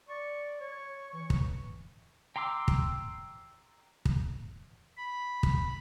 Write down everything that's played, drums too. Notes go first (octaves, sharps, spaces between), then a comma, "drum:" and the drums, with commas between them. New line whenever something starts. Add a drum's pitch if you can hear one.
D5 C#6
C#5 C#6
E3
drum: kick
G5 A#5 C6 D6 E6
drum: kick
drum: kick
B5
drum: kick